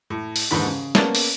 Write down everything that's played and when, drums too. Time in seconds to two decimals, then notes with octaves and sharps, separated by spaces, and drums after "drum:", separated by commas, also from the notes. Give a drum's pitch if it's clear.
0.10 A2
0.36 drum: open hi-hat
0.51 D#2 G#2 D3 E3 B5
0.66 C#3
0.95 A#3 B3 C#4 D5 A5, drum: snare
1.15 drum: open hi-hat